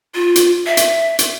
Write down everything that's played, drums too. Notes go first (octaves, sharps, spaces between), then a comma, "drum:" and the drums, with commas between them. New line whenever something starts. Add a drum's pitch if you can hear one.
F4
drum: hi-hat
E5
drum: hi-hat
drum: hi-hat